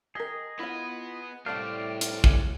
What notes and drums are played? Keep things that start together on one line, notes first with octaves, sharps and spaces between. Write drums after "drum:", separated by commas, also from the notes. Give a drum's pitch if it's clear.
G4 G#4 A#4 D#5
B3 E4 F4 B4 F#5
A2 G3 A3 C4 D5 F5 F#5
drum: hi-hat
G#3, drum: kick